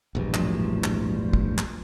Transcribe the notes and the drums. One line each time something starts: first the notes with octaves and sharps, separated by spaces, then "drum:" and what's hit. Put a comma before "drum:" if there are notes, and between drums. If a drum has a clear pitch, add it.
E1 A#1 G2
A2 F3 F#3, drum: clap
drum: clap
drum: kick
drum: clap